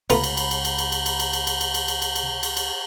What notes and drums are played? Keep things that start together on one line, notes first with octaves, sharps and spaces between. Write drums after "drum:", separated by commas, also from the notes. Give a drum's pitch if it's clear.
C#2 A3 B3 F4 A#5 B5, drum: cymbal
drum: cymbal
drum: cymbal
drum: cymbal
drum: cymbal
drum: cymbal
drum: cymbal
drum: cymbal
drum: cymbal
drum: cymbal
drum: cymbal
drum: cymbal
drum: cymbal
drum: cymbal
drum: cymbal
drum: cymbal
drum: cymbal
drum: cymbal